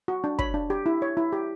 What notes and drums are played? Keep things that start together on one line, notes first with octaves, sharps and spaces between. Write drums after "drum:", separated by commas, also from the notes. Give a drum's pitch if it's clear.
F#4
D4
C#5 B5, drum: kick
D4
G4
E4
C#5
E4
G4